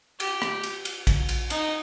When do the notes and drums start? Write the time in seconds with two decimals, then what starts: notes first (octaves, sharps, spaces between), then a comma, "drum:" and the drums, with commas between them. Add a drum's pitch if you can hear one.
0.20 G4, drum: cymbal
0.42 drum: rim click
0.63 drum: cymbal
0.85 drum: cymbal
1.07 drum: kick A#1, cymbal
1.29 drum: cymbal
1.50 D#4, drum: cymbal